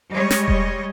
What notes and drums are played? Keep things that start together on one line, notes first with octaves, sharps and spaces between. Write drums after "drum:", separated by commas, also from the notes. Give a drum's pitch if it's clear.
G3 G#3 C#5 D#5
drum: snare
drum: kick E1